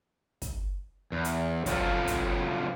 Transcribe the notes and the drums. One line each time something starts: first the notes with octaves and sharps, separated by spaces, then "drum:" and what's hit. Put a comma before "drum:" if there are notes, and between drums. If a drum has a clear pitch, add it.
drum: kick, hi-hat
E2
drum: hi-hat
C#3 F#3 B3 C4 F4 A4, drum: kick, hi-hat
drum: kick, hi-hat